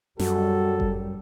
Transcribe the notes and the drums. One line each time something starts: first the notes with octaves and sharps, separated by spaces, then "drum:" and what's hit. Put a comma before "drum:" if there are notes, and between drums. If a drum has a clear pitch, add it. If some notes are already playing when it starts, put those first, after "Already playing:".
F#2 G3 F#4 A4, drum: snare
drum: kick G1